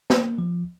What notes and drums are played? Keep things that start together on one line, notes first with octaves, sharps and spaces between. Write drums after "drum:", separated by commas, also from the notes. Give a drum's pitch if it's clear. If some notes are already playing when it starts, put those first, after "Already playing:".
A#3, drum: snare
F3